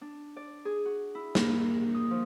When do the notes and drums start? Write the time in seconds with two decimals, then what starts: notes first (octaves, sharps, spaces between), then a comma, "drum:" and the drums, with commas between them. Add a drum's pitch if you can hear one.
0.01 D4
0.36 D5
0.65 G#4
0.85 F#4
1.15 E4
1.35 A#3, drum: snare
1.94 D#6
2.11 F3